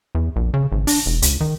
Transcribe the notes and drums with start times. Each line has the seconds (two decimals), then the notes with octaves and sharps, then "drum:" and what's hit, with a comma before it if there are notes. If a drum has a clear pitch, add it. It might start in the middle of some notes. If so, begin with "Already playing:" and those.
0.15 E2
0.36 A#1
0.54 C#3
0.72 G#1
0.87 D4, drum: open hi-hat
1.06 E1
1.22 C#2, drum: hi-hat
1.41 D#3